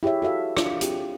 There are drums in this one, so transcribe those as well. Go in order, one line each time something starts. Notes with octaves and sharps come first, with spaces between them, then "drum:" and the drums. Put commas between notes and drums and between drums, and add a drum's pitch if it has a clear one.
E4 G4 G#4 C#5 E5
F#4 A4 E5 F5
D4 F4, drum: rim click
C4 F4 G4 G#4, drum: hi-hat